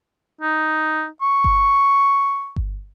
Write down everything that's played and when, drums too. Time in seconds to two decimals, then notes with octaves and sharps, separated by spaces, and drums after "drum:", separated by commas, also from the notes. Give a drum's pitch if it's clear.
0.41 D#4
1.22 C#6
1.44 drum: kick G1
2.56 drum: kick G1